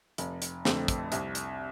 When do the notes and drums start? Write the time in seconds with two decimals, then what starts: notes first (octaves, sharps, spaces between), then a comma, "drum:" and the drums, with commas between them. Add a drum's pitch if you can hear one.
0.18 F1, drum: hi-hat
0.42 drum: hi-hat
0.65 F2 D3 A3 C4, drum: snare
0.88 drum: kick, hi-hat
1.12 C2, drum: hi-hat
1.35 drum: hi-hat